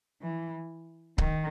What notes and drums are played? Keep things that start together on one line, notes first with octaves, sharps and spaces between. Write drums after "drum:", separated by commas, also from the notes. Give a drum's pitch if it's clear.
E3
D#3, drum: kick C#1